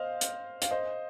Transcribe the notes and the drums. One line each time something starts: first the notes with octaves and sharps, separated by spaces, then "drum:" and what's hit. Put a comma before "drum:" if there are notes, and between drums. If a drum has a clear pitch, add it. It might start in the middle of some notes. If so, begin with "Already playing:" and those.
Already playing: C5 D#5 F5
drum: hi-hat
F5, drum: hi-hat
C5 D#5